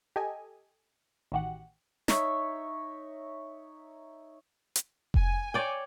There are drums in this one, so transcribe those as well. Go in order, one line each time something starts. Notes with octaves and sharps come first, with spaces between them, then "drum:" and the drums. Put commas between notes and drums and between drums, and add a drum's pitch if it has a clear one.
G4 A4 D#5 G#5
A1 D#3 F#4 G4 F#5
D#4 C#5 E5, drum: snare
drum: hi-hat
G#5, drum: kick F1
C#5 D5 G5